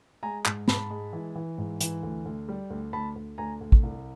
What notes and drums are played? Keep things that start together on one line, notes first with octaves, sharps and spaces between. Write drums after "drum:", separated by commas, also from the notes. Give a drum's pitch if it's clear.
G#3 G#5 A#5
G#2, drum: clap
G#2 A5 B5, drum: snare
G#3
E3
E3
G#2
E3, drum: hi-hat
D2
D2
G3
D2
D2 A5 B5
D2
D2 G#5 A#5
D2
drum: kick
C2